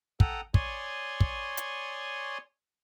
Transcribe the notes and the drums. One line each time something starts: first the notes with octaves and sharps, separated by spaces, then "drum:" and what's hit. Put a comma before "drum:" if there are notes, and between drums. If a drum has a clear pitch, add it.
A4 F#5 G5 A#5 D#6, drum: kick
C#5 D5 G#5 C6 C#6 D#6, drum: kick
drum: kick
drum: hi-hat